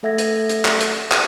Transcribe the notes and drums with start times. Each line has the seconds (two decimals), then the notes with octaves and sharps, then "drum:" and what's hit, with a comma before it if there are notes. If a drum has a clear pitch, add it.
0.03 A3 A4 E5 F#5 G#6 A#6
0.18 drum: hi-hat
0.49 drum: hi-hat
0.65 drum: clap
0.81 drum: hi-hat
1.12 drum: clap